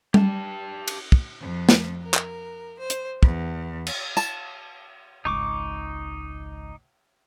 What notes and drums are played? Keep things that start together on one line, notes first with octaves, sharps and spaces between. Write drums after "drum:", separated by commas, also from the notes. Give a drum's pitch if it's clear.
G4 G#5 A5, drum: tom G3
drum: cymbal
drum: kick
F2
drum: snare
A#4
drum: clap
C5
drum: hi-hat
E2, drum: kick
drum: cymbal
A5, drum: tambourine
G#1 C#2 D#4 C#6 D6